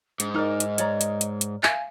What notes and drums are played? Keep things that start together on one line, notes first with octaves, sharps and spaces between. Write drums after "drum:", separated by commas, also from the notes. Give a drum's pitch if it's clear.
G#2 D4, drum: hi-hat
D#4 A#4 D5 D#5 F6
drum: hi-hat
C#5 D5 A#5, drum: hi-hat
drum: hi-hat
drum: hi-hat
drum: hi-hat
E5 F5 G#5, drum: clap